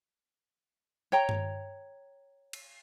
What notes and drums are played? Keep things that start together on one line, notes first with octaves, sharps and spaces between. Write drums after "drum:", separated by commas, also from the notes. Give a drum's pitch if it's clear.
C#5 G5 A#5
drum: tom G2
drum: cymbal